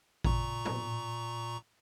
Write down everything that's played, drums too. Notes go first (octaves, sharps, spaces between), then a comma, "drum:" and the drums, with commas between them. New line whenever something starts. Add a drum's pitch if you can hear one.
A#2 A#5 C#6, drum: kick A1
drum: tom A2